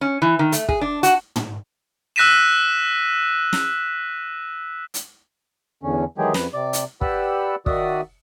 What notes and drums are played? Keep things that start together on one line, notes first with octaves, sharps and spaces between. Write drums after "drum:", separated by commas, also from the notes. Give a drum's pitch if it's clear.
C#4
E3
D#3
A3, drum: hi-hat
G#4, drum: kick
D4
F#4, drum: hi-hat
drum: tom
E6 F#6 A#6 B6 D#7 E7
drum: snare
drum: hi-hat
E2 D3 C#4
D#3 E3 F#3 G#3 G4 G#4
F2 B4, drum: snare
C3 D5 D6
drum: hi-hat
G4 B4 D5 F#5 B5 E6, drum: kick
D#3 F#4 D5 E5 D#6, drum: kick